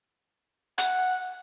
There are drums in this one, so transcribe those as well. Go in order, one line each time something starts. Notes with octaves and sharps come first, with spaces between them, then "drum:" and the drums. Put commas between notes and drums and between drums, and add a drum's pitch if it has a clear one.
F#5, drum: hi-hat